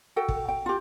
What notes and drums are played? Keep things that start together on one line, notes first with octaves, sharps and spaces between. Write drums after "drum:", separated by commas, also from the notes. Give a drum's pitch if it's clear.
F#4 A4 G5
drum: kick
G5
F4 G4